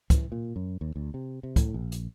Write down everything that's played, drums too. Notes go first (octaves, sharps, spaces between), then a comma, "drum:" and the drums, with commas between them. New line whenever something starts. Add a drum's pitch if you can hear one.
E3, drum: kick, hi-hat
A#2
F#2
D#2
D2
C3
C3
A2, drum: kick, hi-hat
A#1
drum: hi-hat